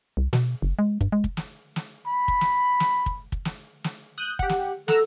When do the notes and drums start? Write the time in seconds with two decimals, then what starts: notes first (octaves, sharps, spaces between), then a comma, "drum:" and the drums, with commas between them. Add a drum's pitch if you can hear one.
0.17 C2
0.33 B2, drum: snare
0.62 F#1
0.79 G#3
1.01 G2, drum: kick
1.12 G#3
1.24 drum: kick
1.37 drum: snare
1.76 drum: snare
2.07 B5
2.28 drum: kick
2.41 drum: snare
2.80 drum: snare
3.06 drum: kick
3.32 drum: kick
3.45 drum: snare
3.84 drum: snare
4.18 D#6 F#6 G6
4.39 G4 F#5, drum: kick
4.49 drum: snare
4.88 A4 F#5 A#5 E6, drum: snare